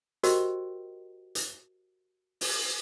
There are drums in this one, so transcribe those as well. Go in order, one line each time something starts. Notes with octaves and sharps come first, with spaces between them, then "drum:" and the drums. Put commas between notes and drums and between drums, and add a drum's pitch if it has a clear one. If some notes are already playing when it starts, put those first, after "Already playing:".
F#4 G4 A#4 C5 D#5 G5, drum: hi-hat
drum: hi-hat
drum: open hi-hat